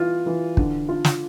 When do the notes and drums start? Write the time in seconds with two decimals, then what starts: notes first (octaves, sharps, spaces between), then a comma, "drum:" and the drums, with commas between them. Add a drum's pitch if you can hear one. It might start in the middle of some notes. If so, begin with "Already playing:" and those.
Already playing: E3 F4
0.26 E3
0.57 D3, drum: kick
0.88 F4
1.05 drum: snare